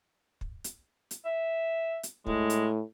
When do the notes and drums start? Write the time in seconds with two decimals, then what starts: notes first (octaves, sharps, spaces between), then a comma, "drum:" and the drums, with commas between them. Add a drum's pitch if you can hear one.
0.41 drum: kick
0.64 drum: hi-hat
1.11 drum: hi-hat
1.25 E5
2.03 drum: hi-hat
2.27 A2 G#3, drum: kick
2.50 drum: hi-hat